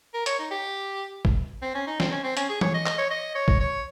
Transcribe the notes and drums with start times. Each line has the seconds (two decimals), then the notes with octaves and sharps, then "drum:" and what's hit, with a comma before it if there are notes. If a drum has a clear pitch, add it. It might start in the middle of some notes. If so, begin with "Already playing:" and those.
0.14 A#4
0.26 C#5, drum: hi-hat
0.39 D#4
0.51 G4
1.25 drum: kick
1.62 C4
1.75 C#4
1.87 D#4
2.00 C4, drum: snare
2.12 C#4
2.24 C4
2.37 C#4, drum: hi-hat
2.49 G#4
2.61 C#5, drum: tom E3
2.74 D#5
2.86 D#5, drum: clap
2.98 C#5
3.10 D#5
3.35 C#5
3.48 drum: kick
3.60 C#5